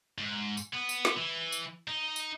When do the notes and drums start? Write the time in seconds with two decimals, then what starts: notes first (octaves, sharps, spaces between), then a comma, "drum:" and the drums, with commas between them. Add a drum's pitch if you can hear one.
0.18 G#2
0.57 drum: tambourine
0.73 B3
0.89 drum: tambourine
1.05 drum: snare
1.17 E3
1.52 drum: tambourine
1.88 D#4
2.16 drum: tambourine